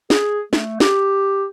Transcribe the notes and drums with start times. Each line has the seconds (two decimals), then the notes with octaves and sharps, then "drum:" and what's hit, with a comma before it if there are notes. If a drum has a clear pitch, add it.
0.10 G#4, drum: snare
0.53 A3, drum: snare
0.80 G4, drum: snare